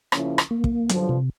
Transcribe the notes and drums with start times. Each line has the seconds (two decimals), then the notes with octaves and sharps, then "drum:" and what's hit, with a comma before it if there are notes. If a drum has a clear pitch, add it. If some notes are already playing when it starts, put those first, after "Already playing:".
0.12 C#3 F3 A#3 C#4 E4, drum: rim click
0.38 drum: rim click
0.51 A#3
0.64 drum: kick
0.89 G2 D3 F3 F#3, drum: hi-hat
1.09 C3